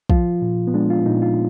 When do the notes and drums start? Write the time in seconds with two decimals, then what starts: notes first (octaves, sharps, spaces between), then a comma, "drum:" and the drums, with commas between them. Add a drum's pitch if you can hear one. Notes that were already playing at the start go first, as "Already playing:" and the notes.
0.10 F3 F4, drum: kick
0.42 A#2
0.67 B3
0.74 G#3 D4
0.90 F4
1.06 A#2 D#4
1.22 F4